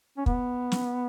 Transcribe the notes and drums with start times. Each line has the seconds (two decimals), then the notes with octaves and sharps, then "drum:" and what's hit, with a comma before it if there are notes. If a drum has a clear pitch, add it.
0.18 C#4
0.26 B3, drum: kick
0.72 drum: snare